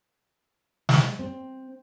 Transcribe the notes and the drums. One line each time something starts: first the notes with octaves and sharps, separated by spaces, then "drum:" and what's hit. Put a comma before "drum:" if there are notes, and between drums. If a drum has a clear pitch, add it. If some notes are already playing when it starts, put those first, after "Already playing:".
G#3, drum: snare
C4